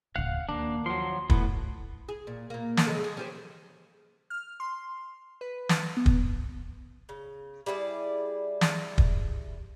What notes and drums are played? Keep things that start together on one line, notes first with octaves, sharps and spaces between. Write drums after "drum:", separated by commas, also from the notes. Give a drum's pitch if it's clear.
D1 C#3 F5 F#5 F#6
D#2 A#3 D4
F3 F#3 C6
A2 B3, drum: kick
G#4
A#2
A#2 A#3
drum: snare
C#3 G#3 A4
G#3
C#4 G4 C5
F6
C6
B4
drum: snare
B3
drum: kick
C#3
G3 E4 G#4 D5
drum: snare
drum: kick